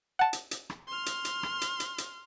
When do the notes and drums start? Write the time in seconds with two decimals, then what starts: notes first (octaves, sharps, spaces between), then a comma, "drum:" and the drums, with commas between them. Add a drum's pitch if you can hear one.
0.19 F#5 A5
0.33 drum: hi-hat
0.51 drum: hi-hat
0.70 drum: rim click
0.88 C6 F6
1.06 drum: hi-hat
1.25 drum: hi-hat
1.43 drum: rim click
1.61 drum: hi-hat
1.80 drum: hi-hat
1.98 drum: hi-hat